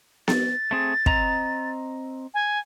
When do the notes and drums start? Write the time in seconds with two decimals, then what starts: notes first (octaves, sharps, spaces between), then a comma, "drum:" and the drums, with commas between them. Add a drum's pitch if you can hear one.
0.28 A6, drum: snare B3
0.71 A3 C4 G#4
1.06 C4 D#5 A#5, drum: kick
2.34 G#5